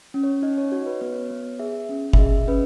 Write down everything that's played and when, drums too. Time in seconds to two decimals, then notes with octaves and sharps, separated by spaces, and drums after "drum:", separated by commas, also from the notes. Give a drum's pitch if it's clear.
0.14 C#4
0.23 C#5
0.42 D#4 D#5
0.58 C#5
0.72 F#4 C#5
0.86 B4
1.01 B3 C#5
1.31 B3
1.60 G#4 E5
1.89 C#4
2.13 E5, drum: kick G1
2.18 G#4 D#5
2.47 C#4 B4